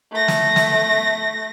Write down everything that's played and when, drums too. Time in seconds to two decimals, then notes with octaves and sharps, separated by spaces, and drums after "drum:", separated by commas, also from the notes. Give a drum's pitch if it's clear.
0.13 A3 A#6
0.28 drum: snare
0.56 drum: snare